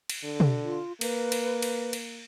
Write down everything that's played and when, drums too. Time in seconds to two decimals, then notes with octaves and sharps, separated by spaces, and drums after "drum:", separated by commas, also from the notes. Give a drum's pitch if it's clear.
0.10 drum: cymbal
0.24 D3
0.40 drum: tom
0.64 F4
1.01 A#3 B4, drum: cymbal
1.32 drum: cymbal
1.62 drum: cymbal
1.93 drum: cymbal